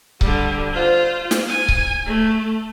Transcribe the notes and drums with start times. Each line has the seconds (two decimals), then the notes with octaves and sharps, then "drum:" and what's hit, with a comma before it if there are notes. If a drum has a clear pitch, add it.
0.21 D3 G3, drum: kick C#1
0.73 F4 C5
1.31 drum: snare
1.48 G#5
1.68 drum: kick C#1
2.06 A3